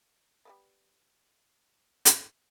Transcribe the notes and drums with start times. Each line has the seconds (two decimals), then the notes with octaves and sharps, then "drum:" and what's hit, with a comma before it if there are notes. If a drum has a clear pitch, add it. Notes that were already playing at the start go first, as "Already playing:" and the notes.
0.45 G3 A#3 B3
2.05 drum: hi-hat